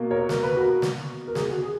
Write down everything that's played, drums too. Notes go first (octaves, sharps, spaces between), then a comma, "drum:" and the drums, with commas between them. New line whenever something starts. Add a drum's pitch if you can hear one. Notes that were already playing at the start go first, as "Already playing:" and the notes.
Already playing: B2 A#3
A#4 C#5
A#4, drum: snare
B4
F#4 A#4
drum: snare
A#4
G#4, drum: snare
F#4
G#4